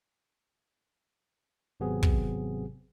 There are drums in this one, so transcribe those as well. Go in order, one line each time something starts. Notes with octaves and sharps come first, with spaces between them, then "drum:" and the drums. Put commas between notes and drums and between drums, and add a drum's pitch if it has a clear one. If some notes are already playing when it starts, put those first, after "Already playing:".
G#1 C3 F#3 B3 C4 G#4
drum: kick